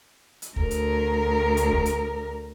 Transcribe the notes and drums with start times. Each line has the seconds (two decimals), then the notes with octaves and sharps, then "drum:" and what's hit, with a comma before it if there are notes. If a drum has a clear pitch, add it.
0.42 drum: hi-hat
0.56 D2 A#4, drum: kick
0.71 drum: hi-hat
1.57 drum: hi-hat
1.71 drum: kick
1.86 drum: hi-hat